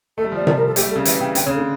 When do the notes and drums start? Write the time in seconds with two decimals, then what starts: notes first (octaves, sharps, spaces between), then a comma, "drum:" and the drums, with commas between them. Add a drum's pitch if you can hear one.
0.18 A3 A4
0.24 G3
0.32 F3
0.37 G3 D5
0.47 D5, drum: tom C3
0.57 A#4
0.67 A4
0.76 A3 G4, drum: hi-hat
0.86 G3
0.90 A4
0.96 C#3
1.05 E3 E5, drum: hi-hat
1.20 C#3 G5
1.35 D3 G5, drum: hi-hat
1.45 C#3 C#5
1.54 A4
1.58 D3